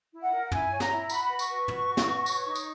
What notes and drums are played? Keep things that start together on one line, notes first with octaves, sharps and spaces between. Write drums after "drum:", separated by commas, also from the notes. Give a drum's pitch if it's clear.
E4
F#5
A#4
E4 G#5, drum: tom
C#5
A#5, drum: snare
E4
F#4 B5, drum: tambourine
B4
C#6, drum: tambourine
B4
F#4, drum: tom
F#4
drum: snare
B4
C#5, drum: tambourine
D#4
drum: tambourine